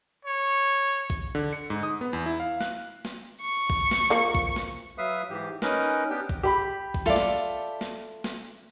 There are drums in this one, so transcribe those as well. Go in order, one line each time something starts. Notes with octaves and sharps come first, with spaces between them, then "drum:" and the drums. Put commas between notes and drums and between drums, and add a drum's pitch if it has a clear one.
C#5
drum: kick
D3
C#7
G#2
D#6
B3
E2
E4
F5
F#6, drum: snare
drum: snare
C#6
drum: kick
drum: snare
F3 A#3
drum: kick
drum: snare
F#3 B4 E5 F5 D#6
G#2 E3 G4
C#4 D#4 A#4 B4, drum: snare
B3 D4 G4 G5
drum: kick
G4 B5
drum: kick
F4 A4 D5 E5 F5
drum: snare
drum: snare
drum: snare